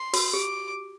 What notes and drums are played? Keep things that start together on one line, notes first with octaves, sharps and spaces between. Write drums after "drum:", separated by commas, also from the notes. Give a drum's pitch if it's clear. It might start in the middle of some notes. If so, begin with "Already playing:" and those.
Already playing: C6
F#4, drum: open hi-hat
G4 D6